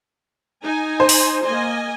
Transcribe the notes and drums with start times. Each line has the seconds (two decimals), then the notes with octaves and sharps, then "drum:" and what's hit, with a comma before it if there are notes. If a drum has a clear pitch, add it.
0.65 D#4 G#5
1.00 C5
1.09 drum: open hi-hat
1.45 A#3 D#5 G#5